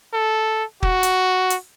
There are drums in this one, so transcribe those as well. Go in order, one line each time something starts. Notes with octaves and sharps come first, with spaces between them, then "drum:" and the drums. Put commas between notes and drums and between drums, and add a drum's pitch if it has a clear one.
A4
F#4, drum: kick
drum: hi-hat
drum: hi-hat